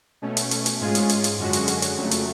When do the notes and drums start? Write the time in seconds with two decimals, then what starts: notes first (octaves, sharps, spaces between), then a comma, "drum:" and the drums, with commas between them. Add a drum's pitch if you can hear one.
0.22 B2 A3 C#4
0.37 drum: hi-hat
0.51 drum: hi-hat
0.66 drum: hi-hat
0.80 G#2 G#3 C#4 F4 G#4
0.95 drum: hi-hat
1.09 drum: hi-hat
1.24 drum: hi-hat
1.38 F#2 D3 G#3 C#4 F#4
1.53 drum: hi-hat
1.68 drum: hi-hat
1.82 drum: hi-hat
1.97 F2 C#3 F#3 A3
2.11 drum: hi-hat